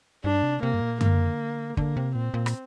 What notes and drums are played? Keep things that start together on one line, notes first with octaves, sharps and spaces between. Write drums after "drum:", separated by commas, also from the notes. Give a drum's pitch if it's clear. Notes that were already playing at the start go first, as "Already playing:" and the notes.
G2 D4
C3
C3 A#3
G2
A#2
D3 A#3, drum: tom F#2
D3 A#3, drum: kick
C3
A#2 C4
A#2
drum: rim click